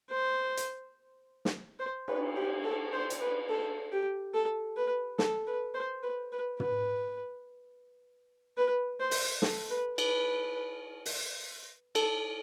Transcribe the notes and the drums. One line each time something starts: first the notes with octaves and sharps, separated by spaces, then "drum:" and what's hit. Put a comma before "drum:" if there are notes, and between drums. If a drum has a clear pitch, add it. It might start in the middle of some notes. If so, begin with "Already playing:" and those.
C5
drum: hi-hat
drum: snare
C5
B4, drum: cymbal
G4
A4
C5
drum: hi-hat
B4
A4
G4
A4
B4
A4, drum: snare
B4
C5
B4
B4
B4, drum: tom
B4
C5
drum: open hi-hat
A4, drum: snare
B4
B4, drum: cymbal
drum: open hi-hat
A4, drum: cymbal